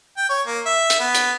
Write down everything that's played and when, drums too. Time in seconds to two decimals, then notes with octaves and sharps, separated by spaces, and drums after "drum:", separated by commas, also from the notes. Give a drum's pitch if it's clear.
0.17 G5
0.29 C#5
0.47 A#3
0.66 E5
0.90 drum: hi-hat
1.00 B3
1.15 drum: hi-hat